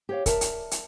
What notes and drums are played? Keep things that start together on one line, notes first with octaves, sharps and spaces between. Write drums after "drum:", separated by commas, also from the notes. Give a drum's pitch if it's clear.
G4 C#5 F5
A#4 D5 E5 A5, drum: kick, hi-hat
drum: hi-hat
drum: hi-hat